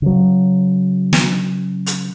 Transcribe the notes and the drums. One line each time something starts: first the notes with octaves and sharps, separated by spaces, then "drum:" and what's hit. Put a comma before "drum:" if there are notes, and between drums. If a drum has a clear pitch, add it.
C#3 F#3
drum: snare
drum: hi-hat